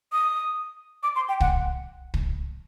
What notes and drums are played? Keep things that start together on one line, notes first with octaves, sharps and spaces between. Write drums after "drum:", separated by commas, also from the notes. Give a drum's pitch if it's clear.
D#6
D6
C6
G5
F#5, drum: kick
drum: kick